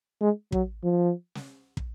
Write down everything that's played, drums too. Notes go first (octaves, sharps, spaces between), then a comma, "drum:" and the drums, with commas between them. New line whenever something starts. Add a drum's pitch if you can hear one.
G#3
F#3, drum: kick
F3
drum: snare
drum: kick